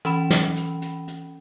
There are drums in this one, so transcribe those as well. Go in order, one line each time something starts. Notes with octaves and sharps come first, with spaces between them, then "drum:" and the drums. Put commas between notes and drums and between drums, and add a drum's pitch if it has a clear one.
E3 C#4 B5, drum: hi-hat
drum: snare
drum: hi-hat
drum: hi-hat
drum: hi-hat